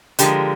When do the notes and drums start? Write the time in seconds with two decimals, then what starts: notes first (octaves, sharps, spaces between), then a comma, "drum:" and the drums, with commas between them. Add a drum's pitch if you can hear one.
0.19 D3 F3 G#3 G4 A#4, drum: hi-hat